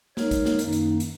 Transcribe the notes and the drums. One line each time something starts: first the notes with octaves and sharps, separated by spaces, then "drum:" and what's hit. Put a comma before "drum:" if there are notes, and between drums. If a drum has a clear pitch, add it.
G#3 D#4 A#4 C#5, drum: snare
drum: kick, hi-hat
drum: snare
F#2 D#3 A#3 D#4, drum: hi-hat
drum: hi-hat
drum: hi-hat